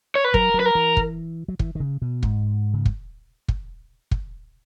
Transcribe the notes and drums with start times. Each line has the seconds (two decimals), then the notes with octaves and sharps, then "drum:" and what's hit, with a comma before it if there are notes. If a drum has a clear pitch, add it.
0.15 C#5
0.24 B4
0.34 F#3 A#4, drum: kick
0.54 F#3
0.60 B4
0.66 A#4
0.75 E3
0.97 drum: kick
1.48 F#3
1.59 E3, drum: kick
1.75 D#3
1.80 C#3
2.02 B2
2.23 G#2, drum: kick
2.74 C#3
2.85 drum: kick
3.48 drum: kick
4.11 drum: kick